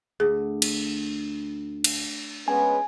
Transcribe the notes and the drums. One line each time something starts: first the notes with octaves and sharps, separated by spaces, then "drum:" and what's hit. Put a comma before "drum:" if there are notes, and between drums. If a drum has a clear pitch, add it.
D2 G#4
drum: cymbal
drum: cymbal
G#3 B3 C#4 G#5